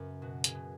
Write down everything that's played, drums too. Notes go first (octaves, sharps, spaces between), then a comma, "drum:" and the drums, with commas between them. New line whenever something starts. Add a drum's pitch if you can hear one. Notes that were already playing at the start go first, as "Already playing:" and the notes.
Already playing: F#2 C#3 B3
B2 F#4
G#4, drum: hi-hat
B2